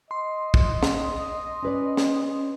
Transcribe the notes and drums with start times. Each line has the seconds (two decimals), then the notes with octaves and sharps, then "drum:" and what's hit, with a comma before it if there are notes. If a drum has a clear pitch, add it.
0.11 D#5 C6
0.54 drum: kick
0.83 drum: snare
1.63 C#4 B4 D5
1.97 drum: snare